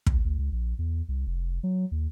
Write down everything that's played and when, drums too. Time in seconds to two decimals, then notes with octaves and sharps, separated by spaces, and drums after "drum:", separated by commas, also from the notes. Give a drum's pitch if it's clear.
0.06 D2, drum: kick
0.24 D2
0.39 C#2
0.52 A#1
0.79 E2
1.09 C2
1.27 F1
1.63 F#3
1.92 D#2